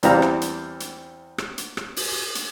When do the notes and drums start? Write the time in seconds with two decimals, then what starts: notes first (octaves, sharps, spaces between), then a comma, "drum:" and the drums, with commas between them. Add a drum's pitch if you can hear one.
0.03 E2 E3 G3 C4 F5 A#5, drum: hi-hat
0.22 drum: rim click
0.42 drum: hi-hat
0.80 drum: hi-hat
1.38 drum: rim click
1.58 drum: hi-hat
1.77 drum: rim click
1.96 drum: open hi-hat
2.35 drum: hi-hat